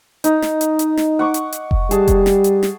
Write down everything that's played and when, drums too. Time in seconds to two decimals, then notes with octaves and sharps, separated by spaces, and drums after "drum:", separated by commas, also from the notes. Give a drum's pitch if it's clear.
0.24 D#4, drum: hi-hat
0.42 drum: snare
0.61 drum: hi-hat
0.79 drum: hi-hat
0.97 drum: snare
1.19 F#5 C#6 D6
1.34 drum: hi-hat
1.52 drum: hi-hat
1.71 drum: kick F1
1.91 G3 G#4 A5, drum: hi-hat
2.08 drum: kick F1, hi-hat
2.26 drum: snare
2.44 drum: hi-hat
2.63 drum: snare